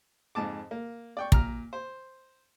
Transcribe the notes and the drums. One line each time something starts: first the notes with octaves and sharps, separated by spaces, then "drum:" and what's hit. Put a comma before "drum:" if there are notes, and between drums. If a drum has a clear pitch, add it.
F2 G#2 A5 D6
A#3
D5 G5 C#6
A#2 A#5 F6, drum: kick
C5